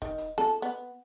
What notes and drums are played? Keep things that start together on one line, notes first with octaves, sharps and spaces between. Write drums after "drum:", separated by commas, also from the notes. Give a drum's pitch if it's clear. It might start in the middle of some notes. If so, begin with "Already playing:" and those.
D#3, drum: kick
drum: hi-hat
A4, drum: snare
B3